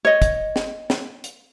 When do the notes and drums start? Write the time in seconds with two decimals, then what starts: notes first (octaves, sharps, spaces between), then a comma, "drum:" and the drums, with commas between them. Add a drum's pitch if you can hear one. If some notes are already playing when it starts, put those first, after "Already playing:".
0.05 C#5 D#5
0.22 drum: kick, hi-hat
0.56 drum: snare
0.90 drum: snare
1.24 drum: hi-hat